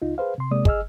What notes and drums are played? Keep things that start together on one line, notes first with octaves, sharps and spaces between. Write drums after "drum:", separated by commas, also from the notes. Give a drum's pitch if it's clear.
C#2 D#4 F4
G#4 B4 C5 F5
C3 C6
C3 G#3 A#3 D5 D#6
G#4 D#5 G#5 E6 F6, drum: kick